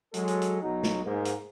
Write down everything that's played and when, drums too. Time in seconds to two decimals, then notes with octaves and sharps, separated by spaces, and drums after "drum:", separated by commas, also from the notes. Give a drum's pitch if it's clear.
0.14 F#3 G#3 A4, drum: hi-hat
0.28 drum: hi-hat
0.42 drum: hi-hat
0.62 B1 F#3 D#4
0.83 drum: snare
1.04 G#2 A#3
1.25 drum: hi-hat